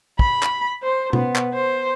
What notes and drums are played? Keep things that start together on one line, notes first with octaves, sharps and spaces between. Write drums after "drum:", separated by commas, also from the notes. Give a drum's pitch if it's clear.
B5, drum: kick
drum: clap
C5
B3, drum: tom B2
drum: clap
C5